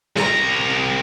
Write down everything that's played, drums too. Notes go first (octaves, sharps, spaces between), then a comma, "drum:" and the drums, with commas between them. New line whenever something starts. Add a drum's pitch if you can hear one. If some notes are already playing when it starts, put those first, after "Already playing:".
C2 A#5, drum: snare